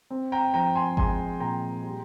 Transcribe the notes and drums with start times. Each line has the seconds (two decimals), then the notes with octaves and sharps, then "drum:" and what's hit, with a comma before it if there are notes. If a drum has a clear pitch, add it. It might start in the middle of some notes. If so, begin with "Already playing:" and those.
0.10 C4
0.32 G5 A#5
0.54 F3 G5 A#5
0.75 G#5 C6
0.97 G#3 G#5 C6, drum: kick G#1
1.40 A#2 G5 A#5
1.84 G3